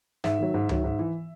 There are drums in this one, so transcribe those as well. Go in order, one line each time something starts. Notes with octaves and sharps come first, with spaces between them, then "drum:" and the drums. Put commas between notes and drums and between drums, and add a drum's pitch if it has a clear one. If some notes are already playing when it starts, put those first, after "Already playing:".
G#2 E5, drum: snare
D#3 F#3
G#2
D#3 F#3, drum: tom C#2
G#2
E3